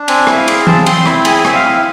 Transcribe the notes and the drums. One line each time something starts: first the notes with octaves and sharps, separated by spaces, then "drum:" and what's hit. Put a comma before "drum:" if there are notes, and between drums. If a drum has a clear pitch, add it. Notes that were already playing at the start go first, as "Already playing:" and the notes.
Already playing: D4
C4 G#5, drum: cymbal
E4 E5, drum: rim click
F5
G#4, drum: cymbal
C4 A5, drum: tom E3
C4 C6, drum: cymbal
E4 B5, drum: rim click
G#4 G#5, drum: cymbal
C4 E5, drum: rim click
F5
E4